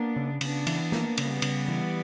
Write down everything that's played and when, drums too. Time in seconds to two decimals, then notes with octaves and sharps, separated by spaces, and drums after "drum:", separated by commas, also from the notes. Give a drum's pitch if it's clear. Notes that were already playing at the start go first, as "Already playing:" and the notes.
Already playing: A#3 B3 D4
0.16 C#3
0.41 C#3 B3 D4, drum: cymbal
0.67 E3, drum: cymbal
0.92 A#3, drum: snare
1.18 C#3 G3 B3, drum: cymbal
1.42 C#3, drum: cymbal
1.68 E3